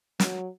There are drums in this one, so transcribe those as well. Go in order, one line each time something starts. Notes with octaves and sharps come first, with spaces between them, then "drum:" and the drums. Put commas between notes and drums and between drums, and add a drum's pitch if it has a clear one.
F#3, drum: snare